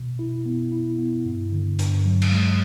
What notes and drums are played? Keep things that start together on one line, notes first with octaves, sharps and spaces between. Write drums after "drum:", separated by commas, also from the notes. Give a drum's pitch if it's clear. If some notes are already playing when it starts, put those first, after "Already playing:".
Already playing: B2
E4
B3
E4
B3
G2
D3
G2, drum: hi-hat
F#3
drum: cymbal
G#3